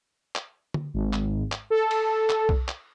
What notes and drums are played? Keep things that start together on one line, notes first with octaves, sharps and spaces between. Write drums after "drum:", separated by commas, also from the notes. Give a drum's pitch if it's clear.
drum: clap
drum: tom D3
G#1
drum: clap
drum: clap
A4
drum: cymbal
drum: clap
drum: kick B1
drum: clap